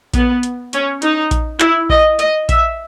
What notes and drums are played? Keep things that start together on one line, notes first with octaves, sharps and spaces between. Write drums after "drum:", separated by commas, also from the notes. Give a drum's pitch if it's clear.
B3, drum: kick A#1, hi-hat
drum: hi-hat
C#4, drum: hi-hat
D#4, drum: hi-hat
drum: kick A#1, hi-hat
E4, drum: clap
D#5, drum: kick A#1
D#5, drum: hi-hat
E5, drum: kick A#1, hi-hat